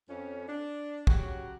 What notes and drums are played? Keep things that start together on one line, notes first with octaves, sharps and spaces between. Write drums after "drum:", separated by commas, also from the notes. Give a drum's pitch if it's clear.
F2 C#4
D4
C#3 F#3 F#4 G4, drum: kick